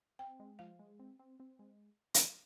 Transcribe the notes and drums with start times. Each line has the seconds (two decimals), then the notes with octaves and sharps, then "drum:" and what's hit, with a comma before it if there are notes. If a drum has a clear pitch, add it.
0.19 C4 G5
0.40 G#3
0.59 F3 F5
0.79 G#3
1.00 C4
1.19 C4
1.40 C4
1.59 G#3
2.14 drum: hi-hat